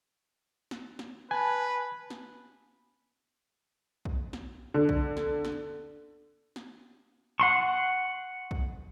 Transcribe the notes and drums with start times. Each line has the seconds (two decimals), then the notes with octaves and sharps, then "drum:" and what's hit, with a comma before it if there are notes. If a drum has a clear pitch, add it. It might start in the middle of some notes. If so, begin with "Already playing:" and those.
0.71 drum: snare
0.99 drum: snare
1.31 B4 G#5 A5
2.10 drum: snare
4.05 drum: kick
4.33 drum: snare
4.74 D3
4.89 drum: kick
5.17 drum: snare
5.45 drum: snare
6.56 drum: snare
7.40 F#5 C6 C#6
8.51 drum: kick